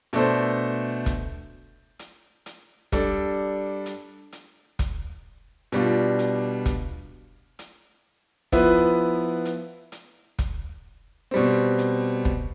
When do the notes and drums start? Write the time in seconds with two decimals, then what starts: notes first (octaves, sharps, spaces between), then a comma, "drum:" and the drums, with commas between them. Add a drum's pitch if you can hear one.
0.13 B2 A3 D4 A4 C5, drum: hi-hat
1.06 drum: kick, hi-hat
1.99 drum: hi-hat
2.46 drum: hi-hat
2.92 G3 D4 A4, drum: kick, hi-hat
3.86 drum: hi-hat
4.32 drum: hi-hat
4.79 drum: kick, hi-hat
5.72 B2 G3 D4 F4, drum: hi-hat
6.19 drum: hi-hat
6.66 drum: kick, hi-hat
7.59 drum: hi-hat
8.52 F3 B3 E4 B4, drum: kick, hi-hat
9.45 drum: hi-hat
9.92 drum: hi-hat
10.39 drum: kick, hi-hat
11.31 B2 G3 C4
11.78 drum: hi-hat
12.25 drum: kick